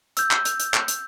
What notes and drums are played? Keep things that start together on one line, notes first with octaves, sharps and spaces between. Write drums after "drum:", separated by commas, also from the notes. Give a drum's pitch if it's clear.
E6 G6, drum: hi-hat
drum: clap
drum: hi-hat
drum: hi-hat
drum: clap
drum: hi-hat